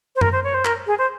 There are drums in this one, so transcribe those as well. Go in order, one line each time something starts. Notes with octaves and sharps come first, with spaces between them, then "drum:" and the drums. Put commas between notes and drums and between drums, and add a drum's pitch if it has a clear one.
C5
A#4, drum: tom F#2
C5
C#5
C5
A#4, drum: clap
G#4
C5